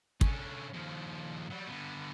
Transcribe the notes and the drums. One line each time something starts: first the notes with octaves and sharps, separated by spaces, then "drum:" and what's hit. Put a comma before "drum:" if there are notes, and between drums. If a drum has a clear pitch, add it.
D3 C#4, drum: kick
D#2 F3
F#3 G3
D3 B3